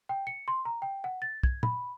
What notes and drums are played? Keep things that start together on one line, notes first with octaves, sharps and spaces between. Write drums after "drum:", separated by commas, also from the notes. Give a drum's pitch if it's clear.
G5
C#7
C6
A#5
G5
F#5
A6
G#6, drum: kick
B5, drum: tom